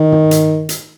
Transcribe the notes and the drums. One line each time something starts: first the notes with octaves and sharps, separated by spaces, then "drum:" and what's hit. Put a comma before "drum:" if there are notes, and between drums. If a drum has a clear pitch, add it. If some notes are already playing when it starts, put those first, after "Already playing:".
Already playing: D#3
drum: tom
drum: hi-hat
drum: hi-hat